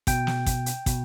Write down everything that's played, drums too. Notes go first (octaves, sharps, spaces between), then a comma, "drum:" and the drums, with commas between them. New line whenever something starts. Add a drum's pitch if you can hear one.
B2 G5, drum: kick, hi-hat
drum: snare
drum: kick, hi-hat
drum: hi-hat
B2, drum: kick, hi-hat